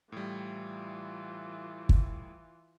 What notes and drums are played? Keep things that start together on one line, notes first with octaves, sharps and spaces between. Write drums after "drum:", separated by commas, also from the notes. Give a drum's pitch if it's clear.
A2 E3 G3 F4
drum: kick